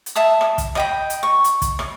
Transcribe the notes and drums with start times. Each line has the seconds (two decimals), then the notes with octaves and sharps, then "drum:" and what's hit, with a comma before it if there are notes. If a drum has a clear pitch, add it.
0.06 drum: hi-hat
0.16 E5 A5 D#6
0.41 drum: rim click
0.58 drum: kick, hi-hat
0.75 D#5 G5 B5, drum: rim click
1.10 drum: hi-hat
1.23 C#6
1.44 drum: hi-hat
1.62 drum: kick, hi-hat
1.79 drum: rim click